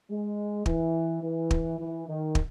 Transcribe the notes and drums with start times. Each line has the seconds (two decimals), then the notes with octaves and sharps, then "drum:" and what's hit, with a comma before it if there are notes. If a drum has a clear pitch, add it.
0.10 G#3
0.66 E3, drum: kick
1.22 E3
1.51 drum: kick
1.79 E3
2.07 D#3
2.35 drum: kick